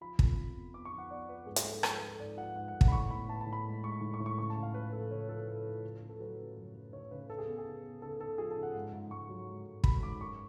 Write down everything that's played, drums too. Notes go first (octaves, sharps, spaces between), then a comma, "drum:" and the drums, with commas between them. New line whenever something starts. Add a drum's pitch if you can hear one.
F3 B5
F2, drum: kick
F2
B3
B3 D6
C#6
F3
F#5
B3 D5
F3 B4
G#2 G#4
G#4, drum: hi-hat
F3 A4
F3 B4, drum: rim click
F3
A4
G#2 D5
F3 F#5
G#2 F#5
F#5
G#2
F#5, drum: kick
B5
A2 C#6
B3 B5
A2 A5
A5
A2
B5
G#3
G#3 C#6
A2
C#6
A2
C#6
C#3 C#6
A5
C#3
F5
F3 B4
F3 A4
C#3 C#5
F3 A4
A3 A4
F3
C#3
C#3
A4
F#3 B4
C#3
F#2
F#3
C#3 C#5
C#3 B4
C#3 A4
G#4
B3
G#4
B3
B3
C#3 A4
C#3 A4
F3 G#4
A4
C#3
F#5
G#2
G#2
G#2 C#6
F#3
G#2
G#2
F#3 B5, drum: kick
G#2 D6
F#2 C#6